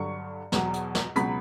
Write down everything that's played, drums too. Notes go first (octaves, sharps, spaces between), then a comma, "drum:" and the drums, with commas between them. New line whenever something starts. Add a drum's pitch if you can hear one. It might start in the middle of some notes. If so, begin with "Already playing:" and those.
Already playing: G2 D3 F#3 C#6 C#7
E2 B2 F#3, drum: snare
drum: hi-hat
drum: snare
C#2 B2 F#3 B5 B6, drum: hi-hat